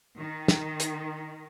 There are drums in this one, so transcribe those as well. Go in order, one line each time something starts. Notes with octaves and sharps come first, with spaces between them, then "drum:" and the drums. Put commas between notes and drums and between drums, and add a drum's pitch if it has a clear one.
D#3
drum: snare
drum: hi-hat